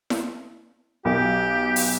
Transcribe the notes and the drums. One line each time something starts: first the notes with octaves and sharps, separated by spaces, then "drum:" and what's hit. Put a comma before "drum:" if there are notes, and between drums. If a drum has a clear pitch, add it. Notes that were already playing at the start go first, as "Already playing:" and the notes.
drum: snare E4
B1 G4
drum: open hi-hat